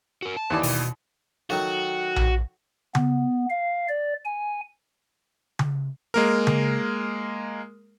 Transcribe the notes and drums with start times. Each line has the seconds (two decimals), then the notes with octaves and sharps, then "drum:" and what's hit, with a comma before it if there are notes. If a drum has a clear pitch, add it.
0.22 F#4 A#4
0.37 A5
0.50 D#2 E3 D5
0.63 B2, drum: open hi-hat
1.50 D#3 F#3 A3 F#4
2.16 drum: tom A#1
2.95 B3, drum: tom C#3
3.50 F5
3.89 D5
4.25 G#5
5.59 drum: tom C#3
6.14 G#3 A#3 A#4
6.47 drum: tom C#3